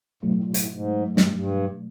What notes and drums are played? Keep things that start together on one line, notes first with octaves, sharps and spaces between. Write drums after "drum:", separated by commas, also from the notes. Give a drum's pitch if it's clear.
G#2 B2 F#3 A3
A2
A#2
A2, drum: hi-hat
G#2
G#2
G2, drum: snare
G2